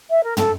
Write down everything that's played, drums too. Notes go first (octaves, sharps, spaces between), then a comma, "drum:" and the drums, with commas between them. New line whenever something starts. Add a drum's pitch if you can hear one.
E5
A#4
A4, drum: tom